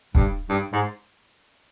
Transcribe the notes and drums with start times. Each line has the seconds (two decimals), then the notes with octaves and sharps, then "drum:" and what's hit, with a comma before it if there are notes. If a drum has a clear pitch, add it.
0.15 G2, drum: kick
0.49 G2
0.72 G#2